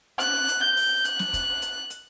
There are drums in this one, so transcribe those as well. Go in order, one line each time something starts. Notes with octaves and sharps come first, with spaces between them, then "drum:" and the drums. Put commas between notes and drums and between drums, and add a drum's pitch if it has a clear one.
F#6, drum: hi-hat
drum: hi-hat
G6
drum: open hi-hat
F#6, drum: hi-hat
drum: snare
drum: kick, hi-hat
drum: hi-hat
drum: hi-hat